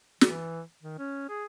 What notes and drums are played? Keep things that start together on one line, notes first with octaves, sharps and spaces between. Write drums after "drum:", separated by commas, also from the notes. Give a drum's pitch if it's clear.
E3, drum: snare
D#3
C#4
G#4